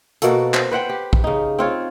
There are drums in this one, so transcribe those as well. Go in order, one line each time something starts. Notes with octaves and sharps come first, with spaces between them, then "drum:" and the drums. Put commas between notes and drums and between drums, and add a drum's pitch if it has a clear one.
B2 A#3 F#4 A4, drum: hi-hat
C5, drum: clap
B4 C5 F#5 G5
G4
drum: kick A#1
C#3 D#4
C4 F4 C#5